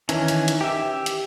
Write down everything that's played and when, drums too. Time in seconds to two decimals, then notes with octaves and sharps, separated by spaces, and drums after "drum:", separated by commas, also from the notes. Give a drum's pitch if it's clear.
0.09 D#3 E3 C#4, drum: hi-hat
0.28 drum: hi-hat
0.48 drum: hi-hat
0.61 G4 E5
1.06 drum: hi-hat